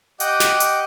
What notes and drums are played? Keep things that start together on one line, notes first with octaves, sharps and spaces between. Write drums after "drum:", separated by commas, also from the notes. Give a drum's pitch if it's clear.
G4 D#5 F#5 G5 D6, drum: hi-hat
drum: snare
drum: hi-hat